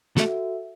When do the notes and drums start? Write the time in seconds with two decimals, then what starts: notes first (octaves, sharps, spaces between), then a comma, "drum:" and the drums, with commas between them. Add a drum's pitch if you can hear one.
0.17 A3 F#4 A4 E5, drum: snare